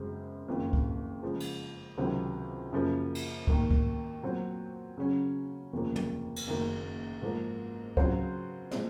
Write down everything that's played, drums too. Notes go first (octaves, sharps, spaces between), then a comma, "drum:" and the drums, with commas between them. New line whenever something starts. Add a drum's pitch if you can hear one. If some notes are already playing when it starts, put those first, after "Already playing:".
Already playing: F#2 C#3 G#3 C4
F#1 F2 D#3
drum: kick C#2
C#3 F3 G#3
drum: cymbal
C#2 C3 D#3 F#3 C4
F#2 C#3 F3 A#3
drum: cymbal
D#2 D#3 A#3, drum: kick C#2
drum: kick C#2
A#2 F#3 C4
C#3 F#3 C#4
F1 D#2 C#3 F3 A#3
drum: tom
drum: cymbal
F#1 F#2 D#3 A#3 D#4
G#2 F3 A#3
C#3 F#3 C4 F4 C5, drum: kick C#2
A#2 F3 G#3 C4, drum: snare